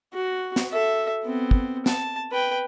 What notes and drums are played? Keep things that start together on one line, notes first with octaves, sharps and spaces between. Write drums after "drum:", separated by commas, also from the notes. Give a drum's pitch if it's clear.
F#4
drum: snare
A4 E5
B3 C4
drum: kick
A5, drum: snare
B4 G5